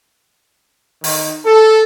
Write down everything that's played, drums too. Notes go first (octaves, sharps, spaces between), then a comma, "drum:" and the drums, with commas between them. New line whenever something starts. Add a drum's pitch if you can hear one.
D#3, drum: open hi-hat
A4